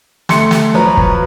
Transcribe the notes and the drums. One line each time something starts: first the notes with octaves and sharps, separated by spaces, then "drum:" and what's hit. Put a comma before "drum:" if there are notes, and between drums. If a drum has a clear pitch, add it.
A3 C6 C#7, drum: snare
drum: snare
F3 F#3 B4 C#5 A#5
drum: kick